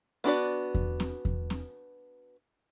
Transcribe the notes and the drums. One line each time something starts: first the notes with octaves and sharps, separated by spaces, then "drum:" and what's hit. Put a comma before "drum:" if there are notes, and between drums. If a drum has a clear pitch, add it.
B3 D4 F#4 D5
drum: kick E2
drum: snare C4
drum: kick E2
drum: snare C4